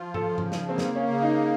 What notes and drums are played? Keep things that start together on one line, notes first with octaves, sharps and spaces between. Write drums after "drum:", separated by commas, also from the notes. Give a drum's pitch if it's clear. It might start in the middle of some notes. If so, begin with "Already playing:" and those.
Already playing: F3 F4
A4, drum: tom G#2
C#3
drum: tom G#2
drum: snare
A#3 C4
drum: snare
C#4
C#3
D#4